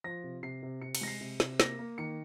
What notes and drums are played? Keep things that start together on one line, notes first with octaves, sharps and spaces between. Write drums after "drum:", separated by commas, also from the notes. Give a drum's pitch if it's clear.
F3 A#6
C3
C3 C7
C3
C3 C#7
C#7, drum: cymbal
G#3 A#6
C7
C3
C3, drum: snare
A#3 A#6, drum: snare
A#3
D#3 C#7